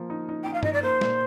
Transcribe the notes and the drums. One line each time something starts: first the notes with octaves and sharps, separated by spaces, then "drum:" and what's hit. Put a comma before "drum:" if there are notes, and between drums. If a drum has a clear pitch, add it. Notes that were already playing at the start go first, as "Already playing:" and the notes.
Already playing: F3 A#3
D#4
D#4
D#4 G5
F5
D#4 D#5, drum: tom G2
D5
A#3 C5
A#2, drum: snare